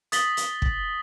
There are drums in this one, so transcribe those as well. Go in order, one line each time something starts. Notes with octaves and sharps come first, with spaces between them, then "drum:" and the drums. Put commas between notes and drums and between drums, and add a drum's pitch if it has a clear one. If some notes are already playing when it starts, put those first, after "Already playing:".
D#6 A6 B6 F#7 G7, drum: hi-hat
drum: hi-hat
drum: kick